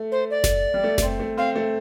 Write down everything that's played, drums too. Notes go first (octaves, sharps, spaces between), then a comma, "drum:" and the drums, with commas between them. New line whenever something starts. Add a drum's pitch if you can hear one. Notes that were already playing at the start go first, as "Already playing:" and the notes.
Already playing: A3
C5
D5
drum: snare F#1
G3
A3
A3, drum: snare F#1
C4
A3
C4 F5
A3